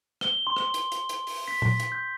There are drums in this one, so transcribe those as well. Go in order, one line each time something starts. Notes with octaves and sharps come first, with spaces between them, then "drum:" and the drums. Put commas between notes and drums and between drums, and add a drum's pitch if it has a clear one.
G7, drum: rim click
C6
drum: rim click
drum: hi-hat
drum: hi-hat
drum: hi-hat
drum: open hi-hat
B6
drum: tom A#2
drum: hi-hat
G6